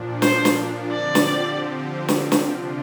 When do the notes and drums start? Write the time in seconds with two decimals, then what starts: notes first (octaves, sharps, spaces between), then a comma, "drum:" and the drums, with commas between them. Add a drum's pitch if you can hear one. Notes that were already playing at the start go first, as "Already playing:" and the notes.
Already playing: A#2 F3 D4
0.22 C5, drum: snare
0.45 drum: snare
0.91 D3 F3 C4 G4 D5
1.15 drum: snare
2.08 drum: snare
2.32 C3 F3 D4 F4, drum: snare